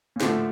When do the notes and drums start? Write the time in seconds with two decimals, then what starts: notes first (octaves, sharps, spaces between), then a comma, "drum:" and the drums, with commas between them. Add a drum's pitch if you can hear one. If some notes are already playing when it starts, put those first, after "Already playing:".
0.16 A#2
0.20 A2 D3 F3 A3, drum: snare